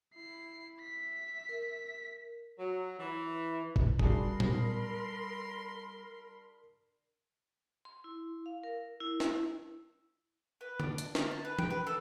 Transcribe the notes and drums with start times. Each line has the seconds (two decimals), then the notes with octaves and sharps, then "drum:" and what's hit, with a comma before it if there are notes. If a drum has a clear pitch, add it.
0.14 E4 C7
0.79 E5 B6
1.49 A#4
2.59 F#3
2.99 E3
3.76 drum: kick G1
3.99 G3 D4 F#4 G#4 A#4 B5 C6 C7, drum: kick G1
4.40 drum: tom A#2
7.85 C6
8.04 E4
8.46 F5
8.64 A#4
9.00 E4
9.20 drum: snare
10.61 B4
10.80 D4, drum: tom D3
10.98 drum: hi-hat
11.15 A#4, drum: snare
11.31 A5
11.45 B4
11.59 G5, drum: tom E3
11.70 B4
11.87 A4